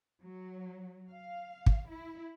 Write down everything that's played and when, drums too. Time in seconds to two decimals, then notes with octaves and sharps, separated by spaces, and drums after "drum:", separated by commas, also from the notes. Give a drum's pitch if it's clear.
0.23 F#3
1.10 F5
1.66 drum: kick
1.89 E4